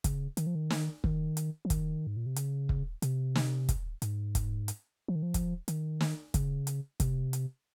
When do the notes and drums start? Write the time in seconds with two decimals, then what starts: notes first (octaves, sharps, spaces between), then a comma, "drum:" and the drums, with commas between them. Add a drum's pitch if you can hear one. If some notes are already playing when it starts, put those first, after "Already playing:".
0.04 C#3, drum: kick, hi-hat
0.37 D#3, drum: hi-hat
0.47 F3
0.55 D#3
0.70 drum: snare
1.04 D#3, drum: kick
1.37 drum: hi-hat
1.65 F3
1.70 D#3, drum: kick, hi-hat
2.07 G#2
2.17 A#2
2.26 C3
2.36 C#3, drum: hi-hat
2.69 drum: kick
3.02 C3, drum: hi-hat
3.35 drum: snare
3.69 drum: kick, hi-hat
4.02 G#2, drum: hi-hat
4.35 drum: kick, hi-hat
4.68 drum: hi-hat
5.08 F3
5.15 D#3
5.23 F3
5.34 drum: kick, hi-hat
5.68 D#3, drum: hi-hat
6.01 drum: snare
6.34 C#3, drum: kick, hi-hat
6.67 drum: hi-hat
7.00 C3, drum: kick, hi-hat
7.33 drum: hi-hat